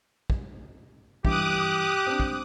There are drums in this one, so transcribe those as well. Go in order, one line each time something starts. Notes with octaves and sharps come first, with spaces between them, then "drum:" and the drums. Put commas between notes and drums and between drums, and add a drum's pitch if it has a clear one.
drum: kick
G2 E3 G4 D6 D#6 F#6, drum: kick
C4 D4
drum: kick